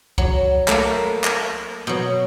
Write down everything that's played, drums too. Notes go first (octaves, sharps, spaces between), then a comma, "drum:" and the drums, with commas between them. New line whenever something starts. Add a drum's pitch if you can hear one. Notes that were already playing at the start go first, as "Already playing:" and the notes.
F#3, drum: kick C2
A3 A#3, drum: clap
drum: clap
B2 F#3